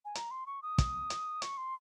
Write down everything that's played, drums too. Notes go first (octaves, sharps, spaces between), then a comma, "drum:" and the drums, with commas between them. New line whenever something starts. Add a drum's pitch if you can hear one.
G#5
A#5, drum: hi-hat
C6
C#6
D#6
drum: kick, hi-hat
drum: hi-hat
C#6, drum: hi-hat
C6